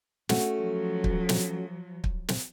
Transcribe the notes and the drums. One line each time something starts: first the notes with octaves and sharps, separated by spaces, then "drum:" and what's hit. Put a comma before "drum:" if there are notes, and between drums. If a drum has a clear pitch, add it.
A3 C#4 F#4, drum: snare
F3 F#3
drum: kick
drum: snare
drum: kick
drum: snare